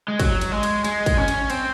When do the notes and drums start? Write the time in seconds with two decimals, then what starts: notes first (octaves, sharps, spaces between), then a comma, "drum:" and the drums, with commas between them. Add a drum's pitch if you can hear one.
0.08 G#3
0.20 F#3, drum: kick, cymbal
0.41 drum: cymbal
0.52 G#3
0.63 drum: cymbal
0.84 G#3, drum: cymbal
1.06 drum: kick, cymbal
1.17 C#4
1.28 drum: cymbal
1.50 C4, drum: cymbal